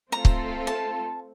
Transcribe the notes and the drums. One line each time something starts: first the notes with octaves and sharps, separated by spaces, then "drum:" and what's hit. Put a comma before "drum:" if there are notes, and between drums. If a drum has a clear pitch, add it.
A3 C4 F4 A4 A#5
drum: kick
A5